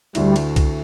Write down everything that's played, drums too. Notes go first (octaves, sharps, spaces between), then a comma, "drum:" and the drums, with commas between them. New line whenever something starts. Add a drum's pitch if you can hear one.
D2 D3 G3 A3 E4, drum: cymbal
drum: cymbal
drum: kick C2, cymbal